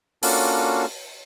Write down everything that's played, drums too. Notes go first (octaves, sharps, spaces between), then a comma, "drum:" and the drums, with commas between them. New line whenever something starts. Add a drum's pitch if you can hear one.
A#3 C#4 D4 F4 F#4 A4, drum: open hi-hat